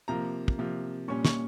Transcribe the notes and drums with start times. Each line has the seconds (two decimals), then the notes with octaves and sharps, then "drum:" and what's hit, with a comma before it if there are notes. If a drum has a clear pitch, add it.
0.08 C3 F3 A#3 A#5
0.48 drum: kick
0.58 C3 F3 A#3
1.08 A#2 G3 C#4 C#6
1.25 C#6, drum: snare